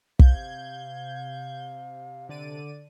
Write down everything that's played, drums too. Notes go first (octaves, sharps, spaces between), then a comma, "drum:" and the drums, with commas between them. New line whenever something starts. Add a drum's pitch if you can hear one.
C3 F5 G6 G#6, drum: kick
D3 D5 D#7